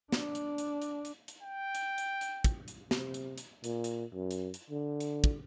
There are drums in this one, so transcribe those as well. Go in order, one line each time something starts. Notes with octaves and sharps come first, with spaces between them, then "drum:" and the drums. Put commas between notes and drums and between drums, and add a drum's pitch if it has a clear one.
D4, drum: snare
drum: hi-hat
drum: hi-hat
drum: hi-hat
drum: hi-hat
drum: hi-hat
G5
drum: hi-hat
drum: hi-hat
drum: hi-hat
drum: kick, hi-hat
drum: hi-hat
C3, drum: snare
drum: hi-hat
drum: hi-hat
A#2, drum: hi-hat
drum: hi-hat
F#2
drum: hi-hat
drum: hi-hat
D3
drum: hi-hat
drum: kick